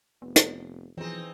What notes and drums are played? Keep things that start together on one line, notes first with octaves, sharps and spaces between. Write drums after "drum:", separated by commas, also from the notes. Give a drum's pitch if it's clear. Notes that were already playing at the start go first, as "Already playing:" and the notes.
F1 B3
drum: hi-hat
B1 E3 F3 C4 D#4 G#4